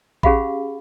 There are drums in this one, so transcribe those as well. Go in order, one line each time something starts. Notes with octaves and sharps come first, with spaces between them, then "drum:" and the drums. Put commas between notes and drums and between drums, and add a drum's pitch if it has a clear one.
C#4 G4 G#4 F5 F#5 B5, drum: kick A1